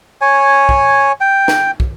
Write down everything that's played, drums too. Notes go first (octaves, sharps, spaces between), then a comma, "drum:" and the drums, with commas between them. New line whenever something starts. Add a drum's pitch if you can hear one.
C#5 G#5
drum: kick
G5
drum: snare
drum: kick